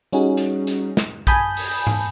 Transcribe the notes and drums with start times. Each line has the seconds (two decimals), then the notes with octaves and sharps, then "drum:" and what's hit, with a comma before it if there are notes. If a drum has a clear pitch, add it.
0.12 G3 C#4 D#4 F#4 G#4
0.37 drum: hi-hat
0.67 drum: hi-hat
0.97 drum: snare
1.27 G#5 A5 B5 D#6 G6, drum: kick A#1, hi-hat
1.57 drum: open hi-hat
1.87 drum: tom G#2